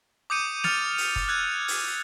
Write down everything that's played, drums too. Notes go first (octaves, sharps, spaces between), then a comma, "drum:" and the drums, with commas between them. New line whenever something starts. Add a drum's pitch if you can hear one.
D6 D#6 G6 C#7 D#7
F6 A6 C#7 F7, drum: snare
drum: open hi-hat
drum: kick
E6 F#6 G#6
drum: open hi-hat